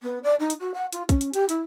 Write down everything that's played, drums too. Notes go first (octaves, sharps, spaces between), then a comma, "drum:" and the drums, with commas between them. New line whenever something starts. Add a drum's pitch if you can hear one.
B3
D5
D#4
drum: hi-hat
F#4
F#5
F4, drum: hi-hat
C#4, drum: kick, hi-hat
drum: hi-hat
G4, drum: hi-hat
E4, drum: hi-hat